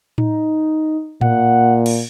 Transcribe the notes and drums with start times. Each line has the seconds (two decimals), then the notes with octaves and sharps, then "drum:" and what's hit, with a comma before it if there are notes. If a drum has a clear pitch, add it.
0.18 D#4, drum: tom A2
1.21 A#2 F#5, drum: tom A2
1.86 drum: cymbal